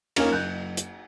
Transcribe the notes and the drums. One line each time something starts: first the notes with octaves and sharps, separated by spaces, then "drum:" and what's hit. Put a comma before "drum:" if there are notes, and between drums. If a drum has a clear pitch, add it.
A#3 C#4 D#4 F4, drum: cymbal
F#1 F#6 G6
drum: hi-hat